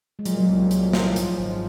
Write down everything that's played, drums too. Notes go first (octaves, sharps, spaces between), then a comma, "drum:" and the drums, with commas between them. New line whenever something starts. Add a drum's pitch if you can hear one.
G#3
A#2 F#3, drum: hi-hat
F#3
C2
F#3
C2, drum: hi-hat
F3, drum: snare
G#2, drum: hi-hat
G#1